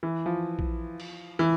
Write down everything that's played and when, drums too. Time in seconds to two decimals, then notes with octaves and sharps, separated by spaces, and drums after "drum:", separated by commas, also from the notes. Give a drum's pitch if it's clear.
0.03 E3
0.26 F3
0.59 drum: kick
1.00 drum: cymbal
1.39 E3